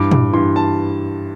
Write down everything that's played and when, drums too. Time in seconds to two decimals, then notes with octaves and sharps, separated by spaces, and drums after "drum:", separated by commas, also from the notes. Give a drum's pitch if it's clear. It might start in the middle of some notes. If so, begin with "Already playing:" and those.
Already playing: G2 E3 D6
0.11 D6, drum: tom
0.33 G2 E3 C6
0.56 A5